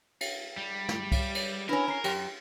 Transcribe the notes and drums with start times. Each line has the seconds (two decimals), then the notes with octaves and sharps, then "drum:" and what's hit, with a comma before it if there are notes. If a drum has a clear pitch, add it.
0.21 C7, drum: cymbal
0.58 G3
0.89 drum: snare
1.12 drum: kick C2, cymbal
1.35 drum: cymbal
1.69 C#4 D4 E4 A#4 B4 A#6
1.88 C#4 A#5 C7
2.04 F#2 G4 G5 A#6, drum: cymbal